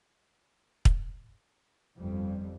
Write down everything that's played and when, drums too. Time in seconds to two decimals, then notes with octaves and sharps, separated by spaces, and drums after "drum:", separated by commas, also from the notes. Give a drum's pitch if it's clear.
0.85 drum: kick
1.98 G1 F2 G3